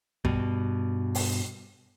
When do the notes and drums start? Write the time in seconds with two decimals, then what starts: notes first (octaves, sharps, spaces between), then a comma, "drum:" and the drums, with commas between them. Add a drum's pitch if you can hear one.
0.25 G2 B2, drum: kick
1.15 drum: open hi-hat